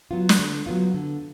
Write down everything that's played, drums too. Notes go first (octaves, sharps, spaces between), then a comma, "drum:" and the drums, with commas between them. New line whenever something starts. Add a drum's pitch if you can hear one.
F#3 B3 F4
drum: snare
D3
F#3 B3 F4
D3